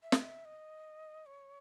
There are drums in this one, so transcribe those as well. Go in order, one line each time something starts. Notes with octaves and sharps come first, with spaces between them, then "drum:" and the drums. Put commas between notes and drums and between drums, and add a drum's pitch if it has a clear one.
E5
F5, drum: snare
E5
D#5
C#5